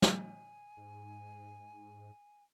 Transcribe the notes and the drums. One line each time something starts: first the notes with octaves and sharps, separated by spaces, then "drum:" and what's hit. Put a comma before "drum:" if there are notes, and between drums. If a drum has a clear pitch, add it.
G#5, drum: snare
G#2